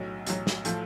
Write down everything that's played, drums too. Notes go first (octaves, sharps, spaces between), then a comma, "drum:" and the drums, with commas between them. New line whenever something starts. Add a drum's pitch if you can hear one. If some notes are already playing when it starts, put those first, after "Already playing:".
Already playing: B1 A2 F#3
B1 A2 F#3, drum: hi-hat
drum: snare
A2 F3 A3, drum: hi-hat